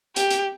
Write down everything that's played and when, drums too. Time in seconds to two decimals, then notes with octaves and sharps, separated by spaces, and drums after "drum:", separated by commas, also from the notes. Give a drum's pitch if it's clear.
0.16 G4, drum: hi-hat
0.31 drum: hi-hat